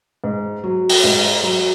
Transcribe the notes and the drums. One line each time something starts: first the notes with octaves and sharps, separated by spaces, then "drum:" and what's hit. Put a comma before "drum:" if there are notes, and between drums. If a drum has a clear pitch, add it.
G#2
F#3
drum: open hi-hat
G#2
F#3